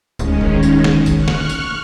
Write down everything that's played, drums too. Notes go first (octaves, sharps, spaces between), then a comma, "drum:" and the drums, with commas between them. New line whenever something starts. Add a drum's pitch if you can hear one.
D1 D#3 G#3 C#4, drum: tambourine
drum: kick
drum: tambourine
drum: snare
drum: kick, tambourine
C#6 F6 F#6
drum: snare
drum: tambourine